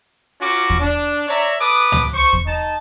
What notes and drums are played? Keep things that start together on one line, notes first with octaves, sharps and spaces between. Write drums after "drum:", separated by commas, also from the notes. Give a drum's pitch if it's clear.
C#4 F4 F#4 A#4 D6
drum: kick
D4
C#5 D5 E5 A#5
A4 B4 D6 D#6
drum: tom C#2
C5 C#6
drum: kick
D#4 A5